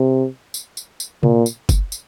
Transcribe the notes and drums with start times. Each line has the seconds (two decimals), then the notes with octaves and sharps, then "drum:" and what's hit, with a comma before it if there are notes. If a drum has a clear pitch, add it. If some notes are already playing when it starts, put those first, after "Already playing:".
Already playing: C3
0.54 drum: tambourine
0.77 drum: tambourine
1.00 drum: tambourine
1.23 A#2, drum: tom C3
1.46 drum: tambourine
1.69 drum: kick, tambourine
1.92 drum: tambourine